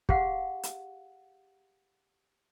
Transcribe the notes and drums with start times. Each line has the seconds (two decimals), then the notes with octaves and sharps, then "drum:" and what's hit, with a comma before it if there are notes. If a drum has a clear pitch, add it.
0.09 G4 G#4 F5 F#5, drum: kick
0.63 drum: hi-hat